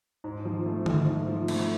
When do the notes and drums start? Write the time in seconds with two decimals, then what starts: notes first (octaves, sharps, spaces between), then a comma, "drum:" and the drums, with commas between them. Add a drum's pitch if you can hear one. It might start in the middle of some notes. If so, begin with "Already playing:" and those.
0.24 G#2
0.45 F3
0.66 A3
0.86 G#2, drum: tom D3
1.07 G#2
1.28 F3
1.48 A3, drum: cymbal